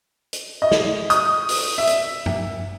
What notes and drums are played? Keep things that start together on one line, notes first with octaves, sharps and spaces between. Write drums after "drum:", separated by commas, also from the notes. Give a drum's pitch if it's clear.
drum: hi-hat
D#5
drum: snare
D#6, drum: hi-hat
drum: open hi-hat
E5
drum: hi-hat
drum: tom